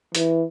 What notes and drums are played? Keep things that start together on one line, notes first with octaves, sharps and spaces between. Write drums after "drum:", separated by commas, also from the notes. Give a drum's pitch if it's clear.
E3, drum: hi-hat